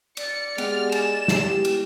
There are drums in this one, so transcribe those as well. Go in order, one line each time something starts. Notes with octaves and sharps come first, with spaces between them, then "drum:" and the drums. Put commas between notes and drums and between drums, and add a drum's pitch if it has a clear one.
D5 C#7, drum: cymbal
G#3 B3 G4 F#5 F6, drum: cymbal
G#5 E7, drum: cymbal
drum: snare
G#3 B3 E4 G4
drum: cymbal